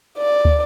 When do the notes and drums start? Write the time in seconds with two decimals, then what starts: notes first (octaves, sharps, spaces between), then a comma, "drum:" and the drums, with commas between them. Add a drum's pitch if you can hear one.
0.18 D5
0.45 drum: kick